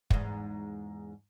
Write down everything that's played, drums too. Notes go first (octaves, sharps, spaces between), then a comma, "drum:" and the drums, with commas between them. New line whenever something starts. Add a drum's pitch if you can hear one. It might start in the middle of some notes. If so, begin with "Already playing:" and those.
E2 G#2, drum: kick